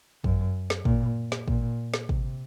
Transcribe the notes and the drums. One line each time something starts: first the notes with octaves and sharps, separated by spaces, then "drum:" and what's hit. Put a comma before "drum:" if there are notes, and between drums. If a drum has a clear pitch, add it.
F#2, drum: kick
drum: snare
A#2, drum: kick
drum: snare
A#2, drum: kick
drum: snare
C3, drum: kick